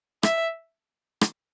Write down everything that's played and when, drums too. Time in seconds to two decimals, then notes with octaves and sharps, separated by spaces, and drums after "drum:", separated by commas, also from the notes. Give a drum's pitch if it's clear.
0.23 E5, drum: rim click
1.21 drum: rim click